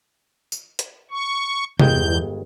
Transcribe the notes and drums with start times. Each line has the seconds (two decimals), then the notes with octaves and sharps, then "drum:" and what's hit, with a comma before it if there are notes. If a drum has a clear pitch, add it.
0.52 drum: tambourine
0.79 drum: hi-hat
1.11 C#6
1.80 G1 E2 G#3 G5 G6, drum: tom C3